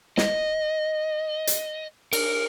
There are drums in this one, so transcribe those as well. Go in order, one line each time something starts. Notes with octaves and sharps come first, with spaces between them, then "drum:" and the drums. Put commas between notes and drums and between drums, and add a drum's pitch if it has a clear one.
D#5, drum: snare
drum: hi-hat
A#4, drum: cymbal